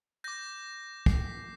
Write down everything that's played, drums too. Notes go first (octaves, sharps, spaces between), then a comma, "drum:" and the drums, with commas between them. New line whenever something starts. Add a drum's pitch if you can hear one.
D6 G6 A#6
C7, drum: kick
B6